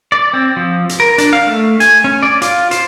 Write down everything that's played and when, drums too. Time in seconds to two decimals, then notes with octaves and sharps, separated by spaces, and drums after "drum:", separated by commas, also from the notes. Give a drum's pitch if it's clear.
0.12 D5
0.33 C4
0.56 F3
0.89 drum: hi-hat
1.00 A#4
1.18 D4, drum: hi-hat
1.33 F5
1.47 A3
1.80 G#5, drum: hi-hat
2.04 C#4
2.23 D5
2.42 F4, drum: hi-hat
2.71 C5, drum: hi-hat